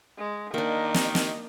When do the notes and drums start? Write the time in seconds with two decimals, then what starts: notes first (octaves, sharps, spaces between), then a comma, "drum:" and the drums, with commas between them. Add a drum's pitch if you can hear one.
0.18 G#3
0.54 D#3 A#3 D4 D#5
0.94 drum: snare
1.15 drum: snare